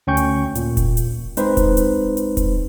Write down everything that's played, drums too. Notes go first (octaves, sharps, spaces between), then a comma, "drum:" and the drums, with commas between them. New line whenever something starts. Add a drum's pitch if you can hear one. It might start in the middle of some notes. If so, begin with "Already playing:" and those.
D2 C#4 G5 C#6 G6
drum: hi-hat
A#2, drum: hi-hat
drum: kick E1, hi-hat
drum: hi-hat
G#3 C4 D#4 B4 C5, drum: hi-hat
drum: kick E1, hi-hat
drum: hi-hat
drum: hi-hat
drum: kick E1, hi-hat